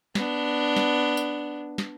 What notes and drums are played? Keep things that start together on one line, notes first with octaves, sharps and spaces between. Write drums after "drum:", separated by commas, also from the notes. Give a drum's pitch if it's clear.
B3 D4, drum: snare
drum: snare
drum: tambourine
drum: snare